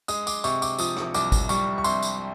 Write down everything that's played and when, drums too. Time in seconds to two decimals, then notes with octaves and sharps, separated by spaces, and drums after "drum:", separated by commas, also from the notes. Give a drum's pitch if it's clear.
0.08 G#3 D#6, drum: tambourine
0.27 D6, drum: tambourine
0.44 C3 C#6, drum: tambourine
0.62 D6, drum: tambourine
0.79 F3 D#6, drum: tambourine
0.97 drum: rim click
1.14 C2 D6, drum: tambourine
1.32 drum: kick G#1, tambourine
1.49 G3 C#6, drum: tambourine
1.78 C#6
1.84 C3 C6, drum: tambourine
2.03 drum: tambourine